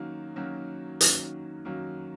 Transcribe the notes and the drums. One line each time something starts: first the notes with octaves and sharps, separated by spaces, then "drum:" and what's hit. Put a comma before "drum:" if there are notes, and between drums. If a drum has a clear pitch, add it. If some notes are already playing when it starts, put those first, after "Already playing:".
Already playing: D#3 F#3 A#3 C#4 F#4
D#3 F#3 A#3 C#4 F#4
D#3 F#3 A#3 C#4 F#4, drum: hi-hat
D#3 F#3 A#3 C#4 F#4